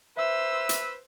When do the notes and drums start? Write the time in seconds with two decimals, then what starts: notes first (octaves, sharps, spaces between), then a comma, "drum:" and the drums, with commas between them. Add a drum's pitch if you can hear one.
0.17 B4 C5 E5 E6
0.69 drum: hi-hat